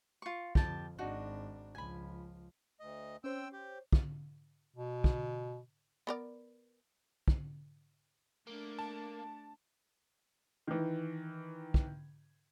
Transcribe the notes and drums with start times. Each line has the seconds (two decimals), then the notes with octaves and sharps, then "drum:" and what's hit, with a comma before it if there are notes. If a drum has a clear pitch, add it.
0.22 F4 C#6
0.55 F2 G4 A5, drum: kick
0.99 G#1 D4 D#4 F#4
1.75 C#2 F3 G#5 B5
2.80 D2 D#5
3.24 C4 C#4 C5 C#5 G5 E6
3.53 G4
3.93 drum: kick
4.76 B2
5.04 drum: kick
6.07 B3 A#4 D5
7.28 drum: kick
8.47 A3 A#3 D4
8.79 A5
10.67 D#3 E3
11.74 drum: kick